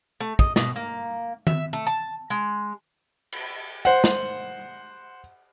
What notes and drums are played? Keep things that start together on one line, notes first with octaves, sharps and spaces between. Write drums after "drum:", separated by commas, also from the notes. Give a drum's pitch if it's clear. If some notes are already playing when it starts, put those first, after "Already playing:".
A3
D#5, drum: kick
B2, drum: snare
A#3
E5, drum: tom D#3
A3
A5
G#3
drum: cymbal
C5 F#5
drum: snare